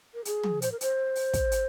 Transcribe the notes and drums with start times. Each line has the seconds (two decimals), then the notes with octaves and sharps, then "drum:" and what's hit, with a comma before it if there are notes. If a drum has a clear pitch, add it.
0.14 A#4
0.25 G#4, drum: hi-hat
0.43 drum: tom
0.62 C5, drum: hi-hat
0.72 A#4
0.81 C5, drum: hi-hat
1.15 drum: open hi-hat
1.34 drum: kick, hi-hat
1.52 drum: hi-hat